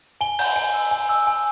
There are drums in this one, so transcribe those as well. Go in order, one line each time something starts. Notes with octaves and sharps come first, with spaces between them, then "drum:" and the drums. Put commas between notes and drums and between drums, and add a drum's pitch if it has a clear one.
G#5 G7
G6, drum: open hi-hat
G#5
E6
G#5
E6
G#5